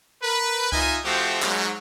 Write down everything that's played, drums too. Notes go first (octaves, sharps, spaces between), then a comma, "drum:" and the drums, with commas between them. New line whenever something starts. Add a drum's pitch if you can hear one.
A#4 B4
D#4 F4 D#5 E5 G#5, drum: kick C#2
F3 A3 C4 F#4 G4
G#2 F#3, drum: clap